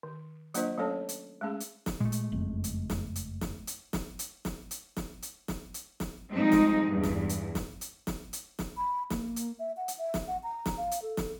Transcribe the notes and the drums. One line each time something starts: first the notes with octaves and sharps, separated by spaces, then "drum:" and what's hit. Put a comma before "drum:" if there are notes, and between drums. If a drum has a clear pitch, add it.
D#3
F#3 A#3 D4 F4 C5 D#5, drum: hi-hat
F#3 A3 C#4 A4 C#5 A5
drum: hi-hat
G#3 A3 C#4 G#4
drum: hi-hat
drum: snare
A#2 G#3 A3
drum: hi-hat
F#1 F2 C4
drum: hi-hat
drum: snare
drum: hi-hat
drum: snare
drum: hi-hat
drum: snare
drum: hi-hat
drum: snare
drum: hi-hat
drum: snare
drum: hi-hat
drum: snare
drum: hi-hat
drum: snare
F3 G3 G#3 C4 D#4
drum: snare
E2 G2
drum: snare
drum: hi-hat
drum: snare
drum: hi-hat
drum: snare
drum: hi-hat
drum: snare
B5
A#3, drum: snare
drum: hi-hat
E5
F#5
drum: hi-hat
E5
drum: snare
F#5
A#5
drum: snare
F5
drum: hi-hat
A4
drum: snare